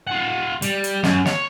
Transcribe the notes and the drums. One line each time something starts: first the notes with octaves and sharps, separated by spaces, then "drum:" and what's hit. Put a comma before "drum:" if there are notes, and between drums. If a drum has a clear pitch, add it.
F4 F#5
G3, drum: hi-hat
drum: hi-hat
F#2, drum: snare
C#5, drum: snare